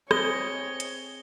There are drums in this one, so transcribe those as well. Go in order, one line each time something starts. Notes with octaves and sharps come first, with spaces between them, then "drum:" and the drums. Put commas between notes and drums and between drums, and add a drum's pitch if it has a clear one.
C4 G#4 C#5 D#5 G7, drum: rim click
drum: hi-hat